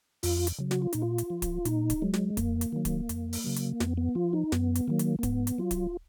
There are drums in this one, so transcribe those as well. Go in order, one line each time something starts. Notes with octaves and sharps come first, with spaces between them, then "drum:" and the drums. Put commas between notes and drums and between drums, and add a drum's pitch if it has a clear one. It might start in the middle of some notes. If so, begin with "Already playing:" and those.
F2 F4, drum: open hi-hat
drum: hi-hat
C#3 F#3
F#4, drum: snare
F4
A#2 D#4, drum: hi-hat
F4
drum: hi-hat
F3
drum: kick D1, hi-hat
A#2 D#4, drum: hi-hat
drum: kick D1, hi-hat
F#3 G#3
drum: snare
F2 A#3, drum: kick D1, hi-hat
drum: hi-hat
D#3 F#3
drum: kick D1, hi-hat
F2, drum: hi-hat
drum: open hi-hat
C#3 F#3
drum: hi-hat
F2 B3, drum: snare
B3
F3 F4
D#4
F#2 B3, drum: snare
drum: hi-hat
D#3 F#3 A#3
drum: hi-hat
A#3
G#2 B3, drum: kick D1, hi-hat
drum: hi-hat
F#3 F4
drum: kick D1, hi-hat